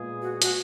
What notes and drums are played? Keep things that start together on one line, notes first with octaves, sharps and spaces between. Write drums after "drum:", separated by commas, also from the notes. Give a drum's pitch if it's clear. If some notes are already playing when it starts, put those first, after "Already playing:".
Already playing: A#2 G#3 B3 F4 G#4
F#4
F#4, drum: hi-hat